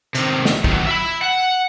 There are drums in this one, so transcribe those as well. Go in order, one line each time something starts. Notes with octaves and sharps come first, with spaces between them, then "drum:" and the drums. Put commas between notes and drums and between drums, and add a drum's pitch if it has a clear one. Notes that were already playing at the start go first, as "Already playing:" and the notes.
C3 D#3, drum: hi-hat
drum: snare
D#3 F#3, drum: kick
E5 B5
F#5